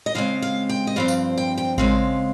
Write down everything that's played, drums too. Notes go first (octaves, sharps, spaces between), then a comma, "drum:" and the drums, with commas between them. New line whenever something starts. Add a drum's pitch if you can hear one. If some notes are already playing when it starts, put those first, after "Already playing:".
D#5
C#3 G#3 C4 F5
F5
G5
D#5
G2 F3 C4 F5
drum: tambourine
G5
G5
C#3 G#3 C4 F5, drum: kick A1